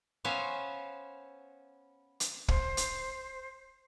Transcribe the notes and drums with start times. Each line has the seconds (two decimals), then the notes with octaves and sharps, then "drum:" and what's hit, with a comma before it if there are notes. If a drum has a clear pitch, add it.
0.25 B3 C#4 C5 E5 F5
2.20 drum: hi-hat
2.48 C5, drum: kick
2.77 drum: hi-hat